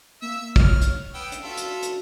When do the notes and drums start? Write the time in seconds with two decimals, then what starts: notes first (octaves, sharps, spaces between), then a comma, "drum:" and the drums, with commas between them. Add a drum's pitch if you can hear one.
0.22 A#3 E5 E6
0.56 C#5 F6, drum: kick
0.81 drum: hi-hat
1.14 B3 G5 E6 D7
1.32 drum: hi-hat
1.43 F4 F#4 A4 E5
1.57 drum: hi-hat
1.82 drum: hi-hat